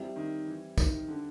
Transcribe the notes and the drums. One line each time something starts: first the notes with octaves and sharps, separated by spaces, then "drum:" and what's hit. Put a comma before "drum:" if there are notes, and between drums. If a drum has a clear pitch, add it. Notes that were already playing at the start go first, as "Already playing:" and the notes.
Already playing: G3 C4 E4
D#3
E3
D#3, drum: kick, tambourine
D3